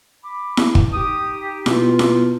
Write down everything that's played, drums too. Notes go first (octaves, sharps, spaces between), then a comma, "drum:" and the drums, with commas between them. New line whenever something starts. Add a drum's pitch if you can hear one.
B5 D6
drum: snare E4
drum: kick
D#4 G4 D#6
B2 F4, drum: snare E4
drum: snare E4